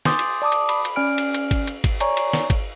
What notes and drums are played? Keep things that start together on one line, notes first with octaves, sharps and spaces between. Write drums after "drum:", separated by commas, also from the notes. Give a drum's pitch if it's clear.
G#5 C6 D6 D#6 G6 A6, drum: snare
drum: cymbal
D5 A5 D6 D#6
drum: cymbal
B5, drum: cymbal
drum: cymbal
C#4 D5 G#5 F6 D7
drum: cymbal
drum: cymbal
drum: kick, cymbal
drum: cymbal
drum: kick, cymbal
C#5 D5 G#5 A#5 C#6, drum: cymbal
drum: cymbal
drum: snare
drum: kick, cymbal